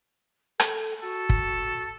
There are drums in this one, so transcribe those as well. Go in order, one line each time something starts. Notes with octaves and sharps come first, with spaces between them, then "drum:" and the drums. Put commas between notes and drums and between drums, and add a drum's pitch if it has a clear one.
A4, drum: rim click
F#4 A4
drum: kick